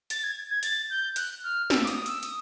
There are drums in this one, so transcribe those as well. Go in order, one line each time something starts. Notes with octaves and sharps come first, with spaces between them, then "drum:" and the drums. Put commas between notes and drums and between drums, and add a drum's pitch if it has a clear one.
A6, drum: hi-hat
G#6
G#6
A6, drum: hi-hat
G6
F#6, drum: hi-hat
F6
E6, drum: snare
D6
D#6, drum: hi-hat
E6, drum: hi-hat
D#6, drum: hi-hat